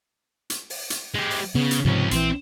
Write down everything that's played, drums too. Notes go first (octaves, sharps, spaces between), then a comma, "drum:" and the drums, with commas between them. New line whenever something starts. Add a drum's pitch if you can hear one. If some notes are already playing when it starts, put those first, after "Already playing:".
drum: hi-hat
drum: open hi-hat
drum: hi-hat
G#3 G4
drum: open hi-hat
C#3 B3
drum: hi-hat
C#2 G#2 C3 F3 C#4
A#1 D#3 E3 C4, drum: hi-hat